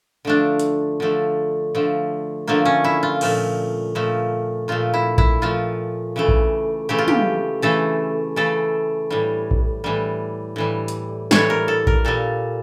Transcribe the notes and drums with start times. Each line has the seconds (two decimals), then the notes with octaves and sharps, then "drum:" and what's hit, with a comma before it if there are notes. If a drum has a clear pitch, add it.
0.25 D3 F3 A3 D4
0.60 drum: hi-hat
1.00 D3 F3 A3
1.75 D3 F3 A3
2.47 D3 F3 A3 A#3
2.65 C#4
2.84 E4
3.03 F4
3.21 A#2 F3 A3, drum: cymbal
3.95 A#2 F3 A3
4.68 A#2 F3 A3 F4
4.94 E4
5.18 E4, drum: kick A#1
5.42 A#2 F3 A3 F4
6.16 C#3 E3 A3
6.28 drum: kick A#1
6.89 C#3 E3 A3 G4
6.98 F4
7.08 G4, drum: tom
7.62 C#3 E3 A3 A4
8.36 C#3 E3 A3 A4
9.10 A2 E3 G3
9.51 drum: kick A#1
9.84 A2 E3 G3
10.56 A2 E3 G3
10.88 drum: hi-hat
11.31 A2 E3 G3 C#5, drum: snare
11.50 A#4
11.68 A4
11.87 A#4, drum: kick A#1
12.05 A#2 G3 A4